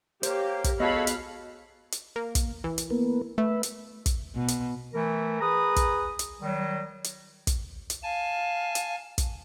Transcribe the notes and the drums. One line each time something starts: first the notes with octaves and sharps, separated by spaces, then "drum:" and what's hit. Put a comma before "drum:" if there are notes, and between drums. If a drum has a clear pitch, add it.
A#3 G4 C5 C#5, drum: hi-hat
drum: kick, hi-hat
B3 F#4 G#4 A4 C#5 D#5 F5 B5
drum: hi-hat
drum: hi-hat
A#3
drum: kick, hi-hat
E3
drum: hi-hat
A#3 B3
A3 B4 E5
drum: hi-hat
drum: kick, hi-hat
B2
drum: hi-hat
E3 A3 A#4
G#4 B4 A#5 D#6
drum: kick, hi-hat
drum: hi-hat
D#3 F#3 G3
drum: hi-hat
drum: kick, hi-hat
drum: hi-hat
F5 G#5 A5
drum: hi-hat
drum: kick, hi-hat